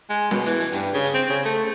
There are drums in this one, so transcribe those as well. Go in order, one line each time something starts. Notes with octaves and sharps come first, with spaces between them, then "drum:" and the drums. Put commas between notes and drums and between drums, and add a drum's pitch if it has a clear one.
G#3
B2, drum: snare C#4
E3, drum: hi-hat
drum: hi-hat
G2, drum: hi-hat
C#3
drum: hi-hat
C4
C#3
A3